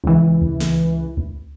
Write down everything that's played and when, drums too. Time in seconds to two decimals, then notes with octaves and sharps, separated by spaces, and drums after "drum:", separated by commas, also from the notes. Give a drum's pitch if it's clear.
0.04 C#2 E3, drum: kick C#2
0.42 drum: kick C#2
0.60 drum: snare
1.17 drum: kick C#2